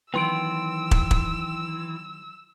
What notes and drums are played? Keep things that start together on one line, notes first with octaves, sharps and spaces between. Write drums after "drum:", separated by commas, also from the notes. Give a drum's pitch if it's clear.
D#3 E3 F#3 B3 G5 C6 E6 D7
drum: kick
drum: kick